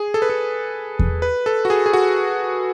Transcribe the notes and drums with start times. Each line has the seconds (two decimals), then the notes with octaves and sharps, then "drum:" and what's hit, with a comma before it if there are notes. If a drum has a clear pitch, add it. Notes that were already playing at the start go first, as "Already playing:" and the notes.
Already playing: G#4
0.14 A4
0.22 B4
0.30 A4
0.99 drum: kick E2
1.22 B4
1.46 A4
1.65 F#4
1.70 G#4
1.86 G#4
1.93 F#4